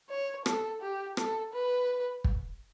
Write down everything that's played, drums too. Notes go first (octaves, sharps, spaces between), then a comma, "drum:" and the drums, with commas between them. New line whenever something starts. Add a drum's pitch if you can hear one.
C#5
A4, drum: rim click
G4
A4, drum: rim click
B4
drum: kick